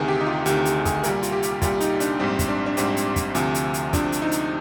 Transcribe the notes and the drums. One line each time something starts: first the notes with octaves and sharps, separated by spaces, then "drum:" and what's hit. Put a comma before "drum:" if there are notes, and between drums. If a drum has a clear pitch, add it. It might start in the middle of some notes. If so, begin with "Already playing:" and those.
Already playing: D2 C3 D#3 G#4
G4
D#4
F4
D2 C3 D#3 G4, drum: hi-hat
G4, drum: hi-hat
G#4, drum: kick, hi-hat
C2 A#2 G3 A#4, drum: hi-hat
F4, drum: hi-hat
G4
drum: hi-hat
C2 A#2 G3 F4, drum: kick, hi-hat
D#4, drum: hi-hat
D4, drum: hi-hat
A#1 G#2 G3 C4
drum: kick, hi-hat
D4
D4
A#1 G#2 G3 C4, drum: hi-hat
drum: hi-hat
drum: kick, hi-hat
D2 C3 F3, drum: hi-hat
drum: hi-hat
drum: hi-hat
D2 C3 F3 D4, drum: kick, hi-hat
drum: hi-hat
D#4
drum: hi-hat